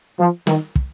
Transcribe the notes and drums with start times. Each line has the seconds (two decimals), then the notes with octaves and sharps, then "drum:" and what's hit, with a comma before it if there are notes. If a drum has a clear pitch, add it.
0.19 F3
0.47 D#3, drum: snare
0.76 drum: kick